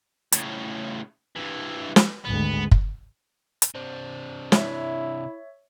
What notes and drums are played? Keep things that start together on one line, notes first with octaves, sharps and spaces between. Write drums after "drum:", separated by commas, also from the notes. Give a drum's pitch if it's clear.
A2 C#3, drum: hi-hat
G2 E3
drum: snare
G#1 D2 G#3 B3
drum: kick
drum: hi-hat
C3 D4 C5
E4 C#5 E5, drum: snare